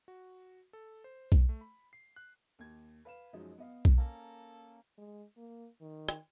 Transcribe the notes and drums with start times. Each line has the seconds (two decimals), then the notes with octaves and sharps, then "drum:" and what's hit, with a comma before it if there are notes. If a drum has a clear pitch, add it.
0.08 F#4
0.73 A4
1.04 C5
1.32 drum: kick B1
1.49 A3
1.61 B5
1.93 C7
2.16 F#6
2.59 D#2 G#6
3.05 B4 F5 E7
3.33 F#2 F3 F#3 G#3 D#4
3.58 B3 D#5 F5
3.85 drum: kick B1
3.98 A#3 C#4 A4 A#4
4.98 G#3
5.37 A#3
5.81 D#3
6.09 drum: rim click